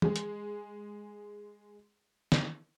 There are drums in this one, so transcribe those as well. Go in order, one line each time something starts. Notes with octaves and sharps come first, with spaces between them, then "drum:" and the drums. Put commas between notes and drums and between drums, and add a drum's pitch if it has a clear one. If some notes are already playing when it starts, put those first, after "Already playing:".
G#3 G#4, drum: tom E3
drum: hi-hat
drum: snare